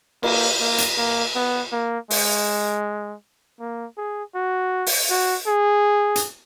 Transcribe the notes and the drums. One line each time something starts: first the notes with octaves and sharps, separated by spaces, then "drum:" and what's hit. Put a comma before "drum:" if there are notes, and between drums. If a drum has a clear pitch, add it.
A#3, drum: cymbal
A#3
drum: hi-hat
A#3
B3
A#3
G#3, drum: open hi-hat
A#3
G#4
F#4
drum: open hi-hat
F#4
G#4
drum: hi-hat